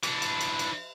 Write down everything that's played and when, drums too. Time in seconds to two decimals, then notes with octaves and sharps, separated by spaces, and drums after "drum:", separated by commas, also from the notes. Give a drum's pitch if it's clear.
0.03 E3 D4, drum: cymbal
0.22 drum: cymbal
0.41 drum: cymbal
0.59 drum: cymbal